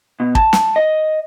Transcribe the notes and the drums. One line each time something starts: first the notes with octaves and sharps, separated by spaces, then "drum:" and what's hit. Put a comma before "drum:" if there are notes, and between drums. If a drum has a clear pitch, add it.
B2
A5, drum: kick
drum: snare
D#5